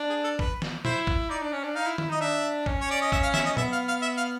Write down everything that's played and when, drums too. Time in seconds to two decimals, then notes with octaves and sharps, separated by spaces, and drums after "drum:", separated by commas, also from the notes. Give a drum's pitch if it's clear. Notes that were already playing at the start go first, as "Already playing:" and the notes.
Already playing: D4
0.09 G#4
0.24 A4
0.39 B4, drum: kick
0.62 drum: snare
0.85 E4 C5, drum: tom A#2
1.07 drum: kick
1.30 D#4 D5
1.41 D4
1.53 C#4
1.64 D4
1.75 D#4 F5
1.86 E4
1.98 E4, drum: tom D#3
2.10 D#4 D#5
2.21 D4 E5
2.66 C#4, drum: kick
2.81 C#5
2.91 D5
3.02 D#5
3.12 E5, drum: kick
3.23 F5
3.34 E5, drum: snare
3.46 D#5
3.57 B3 E5, drum: tom A#2
3.72 F5
3.88 F5
4.02 E5
4.17 F5